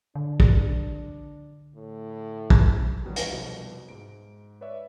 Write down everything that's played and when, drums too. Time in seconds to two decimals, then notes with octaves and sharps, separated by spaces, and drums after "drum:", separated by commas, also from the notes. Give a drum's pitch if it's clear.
0.15 D3 D4
0.40 drum: kick
1.76 A2
2.50 drum: kick
3.05 D#3 E3 F#3 G3 B3 E4
3.16 drum: hi-hat
3.32 C2 F2 B2
3.89 G#2 D7
4.61 B4 C#5 D5 E5